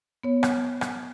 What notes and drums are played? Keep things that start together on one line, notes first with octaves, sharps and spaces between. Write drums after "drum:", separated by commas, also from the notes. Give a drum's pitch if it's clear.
B3 C#5
drum: rim click
drum: rim click